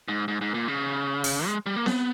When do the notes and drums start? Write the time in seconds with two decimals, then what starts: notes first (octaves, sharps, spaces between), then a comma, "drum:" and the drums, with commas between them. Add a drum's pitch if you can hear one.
0.08 G#2
0.28 G#2
0.41 G#2
0.54 A#2
0.68 C#3
1.24 drum: open hi-hat
1.47 G#3
1.66 G3
1.76 A#3
1.86 B3, drum: snare C4